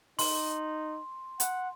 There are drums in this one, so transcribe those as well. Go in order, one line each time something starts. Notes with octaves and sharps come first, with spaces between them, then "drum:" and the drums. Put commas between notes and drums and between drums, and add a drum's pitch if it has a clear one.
D#4 C6, drum: open hi-hat
F#5, drum: hi-hat